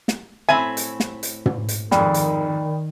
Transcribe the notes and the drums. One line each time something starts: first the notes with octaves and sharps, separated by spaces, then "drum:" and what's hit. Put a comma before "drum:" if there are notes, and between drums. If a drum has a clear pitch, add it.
drum: snare
A2 C4 E5 G#5 B5
drum: hi-hat
drum: snare
drum: hi-hat
drum: tom
drum: hi-hat
F2 G#2 D#3 D5 G5 B5, drum: snare
drum: hi-hat